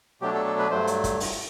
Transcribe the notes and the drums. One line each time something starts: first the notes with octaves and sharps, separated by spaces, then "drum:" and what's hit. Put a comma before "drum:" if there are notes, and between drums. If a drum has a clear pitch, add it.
B2 F#3 A3 D4 G4
A4
A4
B4
G2 F#3 A3 C5
drum: hi-hat
drum: kick, hi-hat
drum: open hi-hat